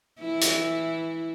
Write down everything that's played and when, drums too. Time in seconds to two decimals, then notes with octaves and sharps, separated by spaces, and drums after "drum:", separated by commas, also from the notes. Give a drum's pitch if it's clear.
0.19 E3 E4
0.41 drum: hi-hat